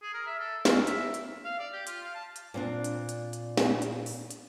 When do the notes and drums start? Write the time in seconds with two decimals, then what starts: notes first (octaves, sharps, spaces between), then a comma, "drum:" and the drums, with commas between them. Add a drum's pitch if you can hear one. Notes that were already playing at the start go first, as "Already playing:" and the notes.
0.03 G#4
0.14 A#4
0.27 E5
0.40 A4
0.65 A#4, drum: snare
0.87 E5, drum: hi-hat
1.14 drum: hi-hat
1.44 F5
1.59 D5
1.73 G4
1.87 F4, drum: hi-hat
2.03 F5
2.15 A5
2.36 drum: hi-hat
2.54 A#2 C4 D4
2.84 drum: hi-hat
3.09 drum: hi-hat
3.33 drum: hi-hat
3.57 drum: snare
3.82 drum: hi-hat
4.06 drum: open hi-hat
4.31 drum: hi-hat